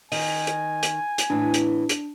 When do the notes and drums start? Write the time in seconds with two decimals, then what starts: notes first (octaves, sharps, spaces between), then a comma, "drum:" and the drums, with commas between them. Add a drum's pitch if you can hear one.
0.12 D#3 D#5 G#5, drum: open hi-hat
0.47 drum: hi-hat
0.83 drum: hi-hat
1.18 drum: hi-hat
1.30 A2 E3 D4
1.54 drum: hi-hat
1.89 drum: hi-hat